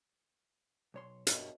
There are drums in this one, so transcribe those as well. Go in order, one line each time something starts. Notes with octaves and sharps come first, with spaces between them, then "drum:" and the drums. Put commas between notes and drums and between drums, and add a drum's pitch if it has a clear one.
B1 C#5 C6
G2 B2 A#4 C#5 E5, drum: hi-hat